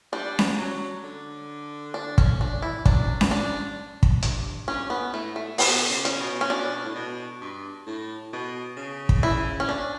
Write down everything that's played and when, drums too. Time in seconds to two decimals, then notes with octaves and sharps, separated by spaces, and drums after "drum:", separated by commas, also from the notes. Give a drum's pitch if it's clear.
0.13 G3 D4
0.39 drum: snare C#4
0.58 F#3
1.03 D3
1.94 D4
2.18 C#4, drum: kick
2.41 D4
2.62 E4
2.86 F#2 D4, drum: kick
3.21 drum: snare C#4
3.31 G2 D4
4.03 drum: kick
4.22 G2, drum: hi-hat
4.68 G2 C#4
4.90 B3
5.13 A2 A3
5.36 A3
5.58 B2 B3, drum: open hi-hat
5.89 C#3
6.05 C#4, drum: hi-hat
6.20 B2
6.41 C#4
6.50 B2 D4
6.84 A2
6.95 B2
7.41 G2
7.86 A2
8.33 B2
8.77 C#3
9.09 drum: kick
9.23 E4
9.60 C#4
9.69 D4